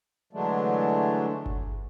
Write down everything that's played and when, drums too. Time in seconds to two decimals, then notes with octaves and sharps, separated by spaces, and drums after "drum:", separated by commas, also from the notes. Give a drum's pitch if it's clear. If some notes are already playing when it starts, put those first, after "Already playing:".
0.33 D3 E3 F#3 G#3 A3 D4
1.46 drum: kick G1